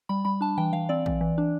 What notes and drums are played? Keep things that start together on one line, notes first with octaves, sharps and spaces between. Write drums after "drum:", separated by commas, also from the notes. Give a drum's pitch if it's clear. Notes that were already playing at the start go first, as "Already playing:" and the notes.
G3 B5
G3 B5
D4 A5
E3 G5
E3 F5
C4 D5
E3, drum: kick A#1
E3
D4